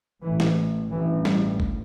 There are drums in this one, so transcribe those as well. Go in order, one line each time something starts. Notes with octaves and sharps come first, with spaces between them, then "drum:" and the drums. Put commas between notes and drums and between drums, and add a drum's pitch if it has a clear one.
A1 A2 E3
drum: snare
A1 G2 E3
G3, drum: snare
drum: kick G1